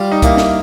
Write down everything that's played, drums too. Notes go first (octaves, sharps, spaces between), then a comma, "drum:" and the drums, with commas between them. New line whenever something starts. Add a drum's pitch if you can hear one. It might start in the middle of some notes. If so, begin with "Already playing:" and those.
Already playing: G3 F4
D#4
A#3 E4, drum: kick, hi-hat
drum: snare